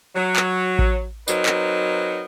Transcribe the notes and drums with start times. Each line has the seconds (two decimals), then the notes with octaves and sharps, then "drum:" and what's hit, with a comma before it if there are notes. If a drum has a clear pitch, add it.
0.15 F#3
0.36 drum: clap
0.79 drum: kick A1
1.28 F#3 C4 D#4 A#4 B4, drum: tambourine
1.46 drum: clap